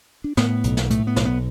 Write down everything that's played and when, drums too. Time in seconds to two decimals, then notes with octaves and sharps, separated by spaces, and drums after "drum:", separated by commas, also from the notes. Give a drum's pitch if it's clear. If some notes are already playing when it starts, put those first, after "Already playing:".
0.24 D4
0.37 A2 B3, drum: snare
0.64 B1, drum: hi-hat
0.77 drum: snare
0.90 A2 A3, drum: hi-hat
1.07 B3
1.16 B1, drum: snare
1.25 B3